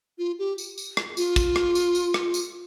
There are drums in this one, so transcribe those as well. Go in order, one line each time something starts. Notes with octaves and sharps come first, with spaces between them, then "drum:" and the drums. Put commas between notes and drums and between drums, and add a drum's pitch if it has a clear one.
F4
G4
drum: tambourine
drum: tambourine
drum: rim click
F4, drum: tambourine
drum: kick, tambourine
drum: rim click
drum: tambourine
drum: tambourine
drum: rim click
drum: tambourine